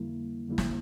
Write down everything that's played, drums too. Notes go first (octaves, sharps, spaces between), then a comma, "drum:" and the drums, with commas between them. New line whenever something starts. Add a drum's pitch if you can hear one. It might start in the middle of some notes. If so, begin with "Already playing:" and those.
Already playing: F2 D3 G3 A#3 E4
F2 D3 G3 A#3 E4
drum: snare